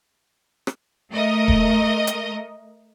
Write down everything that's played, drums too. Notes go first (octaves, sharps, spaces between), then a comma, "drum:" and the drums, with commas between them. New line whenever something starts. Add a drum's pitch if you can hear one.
drum: rim click
A3 A#4 D#5
drum: kick D#1
drum: hi-hat